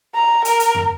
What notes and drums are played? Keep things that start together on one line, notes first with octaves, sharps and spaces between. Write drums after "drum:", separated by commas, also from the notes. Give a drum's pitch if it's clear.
A#5
A#4, drum: hi-hat
drum: hi-hat
drum: tom F2